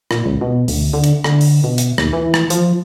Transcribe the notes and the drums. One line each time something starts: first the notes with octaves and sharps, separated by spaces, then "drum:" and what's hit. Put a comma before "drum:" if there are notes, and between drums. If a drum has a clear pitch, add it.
A#2, drum: rim click
C#2
B2
D2, drum: open hi-hat
D3
drum: hi-hat
D3, drum: rim click
drum: open hi-hat
B2
drum: hi-hat
D#2, drum: rim click
E3
drum: rim click
F3, drum: hi-hat